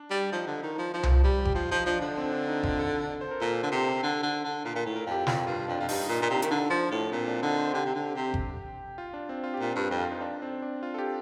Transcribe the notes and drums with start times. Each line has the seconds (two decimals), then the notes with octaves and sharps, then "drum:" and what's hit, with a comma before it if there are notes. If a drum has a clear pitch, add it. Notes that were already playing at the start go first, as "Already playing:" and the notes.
Already playing: D4
0.11 G3
0.32 F3 D#4
0.47 D3
0.63 D#3
0.79 F3
0.94 F3
1.03 drum: tom C2
1.24 G3
1.45 G4, drum: kick G1
1.55 F3 F4
1.71 F3 D#4
1.86 F3 D4
2.01 D3 D4
2.17 C4
2.32 D4
2.48 D#4
2.63 F4, drum: kick G1
2.79 A4
3.21 C5
3.31 A#4
3.41 A#2 A4
3.63 D3
3.72 C3
4.03 D3
4.23 D3
4.44 D3
4.65 A#2 A#4
4.76 A#2
4.86 A2
4.96 A#4
5.06 F2
5.11 G4
5.27 F2 F4, drum: snare
5.47 G2 F4
5.68 F2 D4
5.81 F2 F4
5.89 G2 D#4, drum: open hi-hat
6.04 A#2 D#4
6.19 A#2 D4
6.30 C3
6.35 D#4
6.42 D#3, drum: hi-hat
6.51 D3 D4
6.70 F3
6.91 A2
7.12 A#2 C4
7.28 D4
7.42 D3 D#4
7.58 C5
7.74 D3 G4
7.85 C3
7.95 D3
8.15 C3
8.34 drum: kick G1
8.98 F4
9.14 D4
9.29 C4
9.44 F4
9.54 G4
9.60 A#2 F4
9.75 G2
9.91 F2
10.01 F4
10.11 D#4
10.21 D4
10.42 C4
10.62 D4
10.83 F4
10.94 A4
10.98 G4